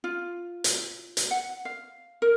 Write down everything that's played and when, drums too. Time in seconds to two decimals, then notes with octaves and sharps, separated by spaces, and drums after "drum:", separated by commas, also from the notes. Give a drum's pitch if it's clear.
0.04 F4
0.64 drum: hi-hat
1.17 drum: hi-hat
1.31 F#5
1.65 F5
2.22 A#4